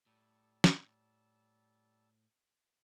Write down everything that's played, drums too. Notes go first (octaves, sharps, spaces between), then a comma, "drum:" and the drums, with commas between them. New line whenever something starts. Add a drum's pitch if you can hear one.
A2 G3 A5 E6
drum: snare